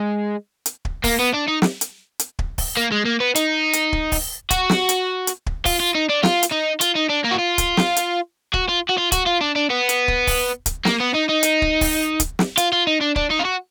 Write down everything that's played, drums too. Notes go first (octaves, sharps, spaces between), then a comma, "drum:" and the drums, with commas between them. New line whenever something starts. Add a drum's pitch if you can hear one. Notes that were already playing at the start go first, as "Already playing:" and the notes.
Already playing: G#3
drum: hi-hat
drum: kick
A#3, drum: kick, open hi-hat
B3
D4
D#4
drum: snare
drum: hi-hat
drum: hi-hat
drum: kick
drum: kick, open hi-hat
A#3
G#3
A#3
B3
D#4, drum: hi-hat
drum: hi-hat
drum: kick
drum: kick, open hi-hat
F#4, drum: kick, hi-hat
drum: snare
drum: hi-hat
drum: hi-hat
drum: kick
F4, drum: kick, open hi-hat
F4
D#4
D4
F4, drum: snare
drum: hi-hat
D#4
F4, drum: hi-hat
D#4
D4
A#3
F#4
F4
drum: kick, hi-hat
drum: snare
drum: hi-hat
F#4, drum: kick
F4
F#4
F4
F#4, drum: kick, hi-hat
F4
D4
D4
B3
drum: hi-hat
drum: kick
drum: kick, open hi-hat
drum: kick, hi-hat
A#3, drum: snare
B3
D#4
D#4
drum: hi-hat
drum: kick
drum: kick, open hi-hat
drum: kick, hi-hat
drum: snare
F4, drum: hi-hat
F4
D#4
D4
D4, drum: kick
D#4
F4
F#4